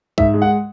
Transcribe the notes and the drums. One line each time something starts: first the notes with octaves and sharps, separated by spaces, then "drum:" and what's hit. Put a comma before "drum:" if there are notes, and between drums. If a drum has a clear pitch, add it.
G#2 E5, drum: kick
G#3
F#5